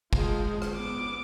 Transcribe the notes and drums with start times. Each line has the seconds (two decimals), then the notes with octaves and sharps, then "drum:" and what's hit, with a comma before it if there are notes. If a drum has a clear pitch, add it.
0.13 F3 G#3, drum: kick
0.62 drum: rim click
0.76 B3 D6